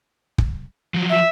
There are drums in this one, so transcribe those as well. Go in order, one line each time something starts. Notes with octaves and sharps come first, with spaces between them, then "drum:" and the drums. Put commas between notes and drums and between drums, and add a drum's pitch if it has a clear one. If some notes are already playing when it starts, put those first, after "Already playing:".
drum: kick
F3 F#3
E5